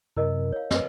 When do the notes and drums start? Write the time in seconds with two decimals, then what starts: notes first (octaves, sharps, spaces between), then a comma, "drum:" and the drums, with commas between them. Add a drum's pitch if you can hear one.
0.17 F#2 C3 E4 A#4 D#5
0.52 C#5 F5
0.71 F#2 A#3 B4 D#5, drum: snare